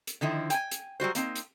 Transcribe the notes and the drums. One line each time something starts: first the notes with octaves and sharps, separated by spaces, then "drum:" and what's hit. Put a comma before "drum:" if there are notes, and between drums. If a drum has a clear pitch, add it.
drum: hi-hat
D3 D#3 F3 E4
G5 G#5, drum: hi-hat
drum: hi-hat
F#3 G3 F#4 C5
A#3 C4 D#4, drum: hi-hat
drum: hi-hat